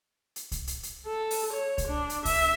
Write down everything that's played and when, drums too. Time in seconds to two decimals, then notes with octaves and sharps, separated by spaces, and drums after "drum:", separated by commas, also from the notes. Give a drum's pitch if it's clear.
0.36 drum: hi-hat
0.52 drum: kick C2, hi-hat
0.67 drum: hi-hat
0.83 drum: hi-hat
1.06 A4
1.31 drum: open hi-hat
1.53 C#5
1.78 drum: kick C2, hi-hat
1.88 D4
2.10 drum: hi-hat
2.25 E5, drum: kick C2, open hi-hat